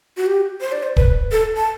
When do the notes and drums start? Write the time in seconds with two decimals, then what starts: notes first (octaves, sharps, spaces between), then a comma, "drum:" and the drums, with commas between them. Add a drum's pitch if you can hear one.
0.17 F#4
0.26 G4
0.61 C5
0.72 D5
0.83 C5
0.97 B4, drum: kick
1.32 A4
1.56 A5